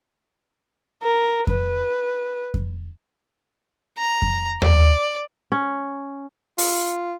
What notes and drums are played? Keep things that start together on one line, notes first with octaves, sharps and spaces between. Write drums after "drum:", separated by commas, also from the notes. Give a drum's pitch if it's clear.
A#4
B4, drum: kick F2
drum: kick F2
A#5
drum: kick F2
D5, drum: tom D#2
C#4
F4, drum: open hi-hat